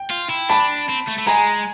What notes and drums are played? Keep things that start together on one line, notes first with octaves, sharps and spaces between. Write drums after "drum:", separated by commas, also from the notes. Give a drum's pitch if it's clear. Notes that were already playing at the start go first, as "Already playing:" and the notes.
Already playing: G5
F4
E4
D4 A5 B5, drum: hi-hat
C4
A3
A3
G#3 G#5 A#5, drum: hi-hat